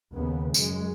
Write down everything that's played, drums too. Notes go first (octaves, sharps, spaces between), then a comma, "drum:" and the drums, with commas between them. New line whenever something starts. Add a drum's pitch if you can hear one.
D#2 C#3 B3
F#2 G#3, drum: tambourine